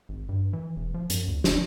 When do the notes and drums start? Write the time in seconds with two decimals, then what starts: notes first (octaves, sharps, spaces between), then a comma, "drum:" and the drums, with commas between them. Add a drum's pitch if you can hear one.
0.09 G#1
0.29 G2
0.53 E3
0.76 E1
0.94 F3
1.10 F#2, drum: hi-hat
1.28 D2
1.44 F1, drum: snare